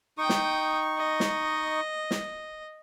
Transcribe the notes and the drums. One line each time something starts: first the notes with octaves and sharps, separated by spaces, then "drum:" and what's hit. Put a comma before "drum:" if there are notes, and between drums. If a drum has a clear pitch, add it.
D#4 G5 C#6 D#6
drum: snare
D#5
drum: snare
drum: snare